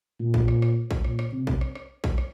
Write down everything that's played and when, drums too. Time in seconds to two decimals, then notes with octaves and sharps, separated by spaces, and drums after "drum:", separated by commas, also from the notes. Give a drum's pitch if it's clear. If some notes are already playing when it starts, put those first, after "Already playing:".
0.20 A#2
0.34 drum: kick A#1
0.48 drum: rim click
0.62 drum: rim click
0.91 drum: kick A#1
1.04 A#2, drum: rim click
1.19 drum: rim click
1.32 C3
1.47 drum: kick A#1
1.61 drum: rim click
1.75 drum: rim click
2.04 drum: kick A#1
2.18 drum: rim click